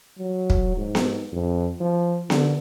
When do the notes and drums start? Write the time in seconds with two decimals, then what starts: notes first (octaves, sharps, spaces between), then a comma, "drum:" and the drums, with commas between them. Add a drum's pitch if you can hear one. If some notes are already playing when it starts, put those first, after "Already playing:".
0.19 F#3
0.50 drum: kick
0.77 G#2
0.95 drum: snare B3
1.33 F2
1.81 F3
2.30 D3, drum: snare B3